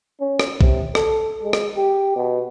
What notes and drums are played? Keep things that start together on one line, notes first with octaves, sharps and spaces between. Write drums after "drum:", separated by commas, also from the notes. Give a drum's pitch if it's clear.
C#4
drum: rim click
C3, drum: kick B1
A4, drum: rim click
G#3
drum: rim click
G4
B2